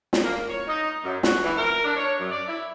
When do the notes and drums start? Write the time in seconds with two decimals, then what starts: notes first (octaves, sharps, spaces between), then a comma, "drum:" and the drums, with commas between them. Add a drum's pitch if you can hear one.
0.13 drum: snare
0.23 A#3
0.49 C#5
0.67 D#4
1.03 F#2
1.23 F#4, drum: snare
1.43 E3
1.57 A#4
1.84 D4
1.97 C#5
2.19 F#2
2.31 D5
2.47 E4